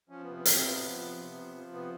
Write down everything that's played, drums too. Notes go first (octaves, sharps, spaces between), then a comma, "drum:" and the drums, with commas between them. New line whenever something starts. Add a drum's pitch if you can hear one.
F3 C#4
C3 B3
B3
C3 C4, drum: hi-hat
F3 B3
F3
C3
C3
F3
F3
C3 B3